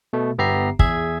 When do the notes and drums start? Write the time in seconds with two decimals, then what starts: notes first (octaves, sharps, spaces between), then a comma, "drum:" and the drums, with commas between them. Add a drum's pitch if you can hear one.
0.13 B2 A3
0.38 G1 B3 G4 E5 A#5 C7
0.79 E2 G#4 E5 G#6, drum: kick